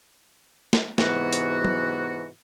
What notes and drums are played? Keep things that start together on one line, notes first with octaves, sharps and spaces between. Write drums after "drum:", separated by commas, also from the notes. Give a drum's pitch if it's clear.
drum: snare
G#2 C3 E3 B3 F#4, drum: snare
drum: hi-hat
drum: tom